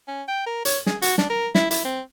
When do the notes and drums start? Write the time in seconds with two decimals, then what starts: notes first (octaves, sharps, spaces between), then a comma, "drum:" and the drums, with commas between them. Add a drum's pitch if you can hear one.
0.08 C#4
0.28 G5
0.46 A#4
0.65 C#5, drum: hi-hat
0.86 G#4, drum: snare
1.02 F#4, drum: hi-hat
1.18 D4, drum: snare
1.30 A#4
1.55 E4, drum: snare
1.71 E4, drum: hi-hat
1.85 C4